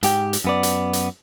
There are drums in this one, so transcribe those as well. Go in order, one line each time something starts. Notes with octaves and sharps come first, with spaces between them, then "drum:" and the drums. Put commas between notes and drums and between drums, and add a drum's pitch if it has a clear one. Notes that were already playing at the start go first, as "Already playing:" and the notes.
G#2 G4 G5, drum: hi-hat
drum: hi-hat
F#2 B3 D5
drum: hi-hat
drum: hi-hat